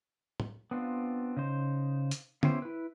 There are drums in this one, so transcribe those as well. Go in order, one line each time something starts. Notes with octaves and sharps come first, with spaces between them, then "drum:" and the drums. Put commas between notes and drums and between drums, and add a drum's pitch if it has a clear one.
drum: tom
B3 C4 D4 F4
C#3 D#4 C5
drum: hi-hat
B3 C#4 E4 G4 C5 G5, drum: tom
E4 B4